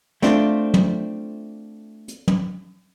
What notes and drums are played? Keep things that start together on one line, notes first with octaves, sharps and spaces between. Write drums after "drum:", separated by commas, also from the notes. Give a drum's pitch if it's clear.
A3 C4 D4 F4, drum: snare
drum: tom
drum: hi-hat
drum: tom